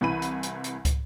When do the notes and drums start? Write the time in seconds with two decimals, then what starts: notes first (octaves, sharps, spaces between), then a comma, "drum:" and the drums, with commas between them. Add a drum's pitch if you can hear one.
0.01 C2 E3 B5 D#7
0.22 drum: hi-hat
0.43 drum: hi-hat
0.64 drum: hi-hat
0.85 drum: kick, hi-hat